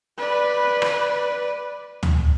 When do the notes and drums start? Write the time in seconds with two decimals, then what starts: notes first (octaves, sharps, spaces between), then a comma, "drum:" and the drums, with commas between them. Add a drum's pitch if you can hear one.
0.18 B4 D5
0.82 drum: rim click
2.03 drum: tom